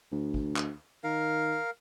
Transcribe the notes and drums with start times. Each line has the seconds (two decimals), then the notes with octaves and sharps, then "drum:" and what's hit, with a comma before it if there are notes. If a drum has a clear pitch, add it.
0.12 D2
0.34 drum: kick
0.56 drum: clap
1.04 D#3 A#4 F5